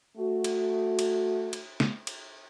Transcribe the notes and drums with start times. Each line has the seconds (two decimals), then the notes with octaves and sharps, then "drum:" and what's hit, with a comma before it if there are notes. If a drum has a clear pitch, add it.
0.17 A3 F#4
0.44 drum: cymbal
0.99 drum: cymbal
1.53 drum: cymbal
1.80 drum: snare
2.07 drum: cymbal